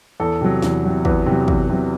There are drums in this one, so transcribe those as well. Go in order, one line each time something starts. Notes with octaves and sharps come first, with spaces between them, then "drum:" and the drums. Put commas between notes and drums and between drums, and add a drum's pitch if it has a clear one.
E2 A4
C3 F#3
E2, drum: snare
C3 F#3
E2 B4, drum: kick
C3 F#3
E2, drum: kick
C3 F#3